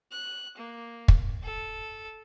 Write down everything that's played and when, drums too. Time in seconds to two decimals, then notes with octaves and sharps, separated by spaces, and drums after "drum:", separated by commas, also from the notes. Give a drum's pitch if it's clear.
0.12 F#6
0.57 A#3
1.08 drum: kick
1.43 A4